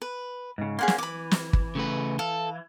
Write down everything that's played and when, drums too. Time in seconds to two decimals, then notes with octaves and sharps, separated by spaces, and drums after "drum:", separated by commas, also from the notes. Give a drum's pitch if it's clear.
0.02 B4
0.58 G#2 C#3
0.79 A#3 C#4 G#4 F#5 C6
0.88 drum: snare
0.98 E3 B5 D6
1.31 drum: snare
1.53 drum: kick
1.75 C#3 A3 B4
2.19 A4 F5